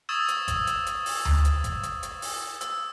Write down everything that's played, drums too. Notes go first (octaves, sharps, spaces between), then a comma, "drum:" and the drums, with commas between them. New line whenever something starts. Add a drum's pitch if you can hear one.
C#6 D#6 E6 G#6 A6 E7
drum: hi-hat
drum: kick G#1, hi-hat
drum: hi-hat
drum: hi-hat
drum: open hi-hat
drum: tom D2
drum: hi-hat
drum: kick G#1, hi-hat
drum: hi-hat
drum: hi-hat
drum: open hi-hat
E6, drum: hi-hat